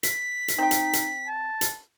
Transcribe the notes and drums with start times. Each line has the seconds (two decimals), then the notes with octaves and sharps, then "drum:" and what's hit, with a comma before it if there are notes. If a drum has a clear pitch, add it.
0.03 B6, drum: hi-hat
0.48 drum: hi-hat
0.58 C4 D#4 G5
0.71 drum: hi-hat
0.93 drum: hi-hat
1.27 A5
1.61 drum: hi-hat